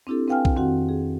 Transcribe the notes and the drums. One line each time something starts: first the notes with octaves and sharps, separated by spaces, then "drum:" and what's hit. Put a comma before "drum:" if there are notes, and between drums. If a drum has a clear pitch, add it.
C4 D4 E4 G4 A4
C4 B4 F5 G5 G#5 F6
drum: kick B1
F2 D#3 C4 F#4 F#5
G#4